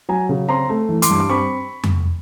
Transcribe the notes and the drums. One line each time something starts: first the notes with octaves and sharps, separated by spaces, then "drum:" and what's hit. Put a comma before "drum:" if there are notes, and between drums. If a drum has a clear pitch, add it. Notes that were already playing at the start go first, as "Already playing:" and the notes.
F#3 G#5 A#5
C#3
C4 A#5 C6
A3
E3
C6 D6, drum: hi-hat
G2
D6
C4 B5 C#6
drum: tom F2